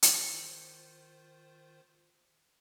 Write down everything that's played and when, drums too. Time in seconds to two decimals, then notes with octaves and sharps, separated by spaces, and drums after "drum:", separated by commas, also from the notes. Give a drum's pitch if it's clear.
0.02 D#3 F4 C5, drum: hi-hat